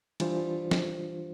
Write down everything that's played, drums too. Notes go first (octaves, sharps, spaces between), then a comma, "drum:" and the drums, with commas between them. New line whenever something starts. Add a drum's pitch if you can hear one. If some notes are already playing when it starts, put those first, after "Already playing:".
E3 G3 D4 F4 C5, drum: cymbal
drum: snare